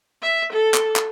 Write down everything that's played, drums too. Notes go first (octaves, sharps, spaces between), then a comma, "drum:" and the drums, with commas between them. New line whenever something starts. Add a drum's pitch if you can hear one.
E5
A4
drum: clap
drum: clap